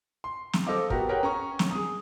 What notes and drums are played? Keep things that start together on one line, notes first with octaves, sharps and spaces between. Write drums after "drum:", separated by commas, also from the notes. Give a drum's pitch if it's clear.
C6
drum: snare
A4 C5 D#5 F5 D6
B3 F#4 G4 A#4, drum: kick
G#4 A#4 B4 C#5 F#5 G5
C#4 A#5 C#6
drum: snare
G#4 D#6